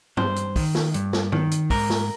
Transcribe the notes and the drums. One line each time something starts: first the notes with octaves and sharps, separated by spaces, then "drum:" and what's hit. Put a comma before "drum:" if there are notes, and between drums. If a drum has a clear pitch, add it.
G2 C5, drum: tom G2
drum: hi-hat
D#3, drum: kick, open hi-hat
drum: snare
G2, drum: hi-hat
drum: snare
D#3, drum: tom G2
drum: hi-hat
G#2 A#4, drum: kick, open hi-hat
drum: snare